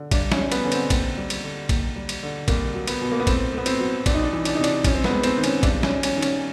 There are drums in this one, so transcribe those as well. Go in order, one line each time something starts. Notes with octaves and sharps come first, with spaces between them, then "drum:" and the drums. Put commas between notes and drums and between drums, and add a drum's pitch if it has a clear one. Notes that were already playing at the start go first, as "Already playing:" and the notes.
Already playing: D3
G2 D4, drum: kick, cymbal
C#4, drum: snare
G3
B3, drum: cymbal
D3 C#4
C4, drum: cymbal
D#2, drum: kick, cymbal
G3
drum: cymbal
D3
D#2, drum: kick, cymbal
G3
drum: cymbal
D3
C2 A#3, drum: kick, cymbal
F#3
B3, drum: cymbal
B2
A#3
B3
A2 C4, drum: kick, cymbal
A2 B3
C4, drum: cymbal
F#3
C2 D4, drum: kick, cymbal
D#4
D4
E3
D4, drum: cymbal
C3 D#4
D4, drum: cymbal
F#2 C#4, drum: kick, cymbal
C4
B3, drum: snare
G#3
C4, drum: cymbal
D#3
C#4, drum: cymbal
G2 D4, drum: kick, cymbal
C#4, drum: snare
G3
C#4, drum: cymbal
D#3
C#4, drum: cymbal